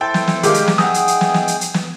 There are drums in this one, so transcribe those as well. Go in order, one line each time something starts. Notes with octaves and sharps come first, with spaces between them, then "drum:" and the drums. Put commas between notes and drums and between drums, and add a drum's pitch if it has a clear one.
E4 A4 C5 G5 A5
drum: snare
drum: snare
D#3 G#3 G4 D5 F5, drum: hi-hat
drum: hi-hat
drum: snare
A3 D#4 G#4 F#5 G5 D#6, drum: snare
drum: hi-hat
drum: hi-hat
drum: snare
drum: snare
drum: hi-hat
drum: hi-hat
drum: snare